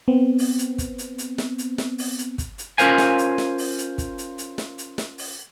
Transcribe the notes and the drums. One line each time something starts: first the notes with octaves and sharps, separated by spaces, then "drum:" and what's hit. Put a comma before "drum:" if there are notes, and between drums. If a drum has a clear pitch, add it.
B3 C4
drum: open hi-hat
drum: hi-hat
drum: kick, hi-hat
drum: hi-hat
drum: hi-hat
drum: snare
drum: hi-hat
drum: snare
drum: open hi-hat
drum: hi-hat
drum: kick, hi-hat
drum: hi-hat
C#4 F4 A#4 C5 F5 G#5, drum: hi-hat
drum: snare
drum: hi-hat
drum: snare
drum: open hi-hat
drum: hi-hat
drum: kick, hi-hat
drum: hi-hat
drum: hi-hat
drum: snare
drum: hi-hat
drum: snare
drum: open hi-hat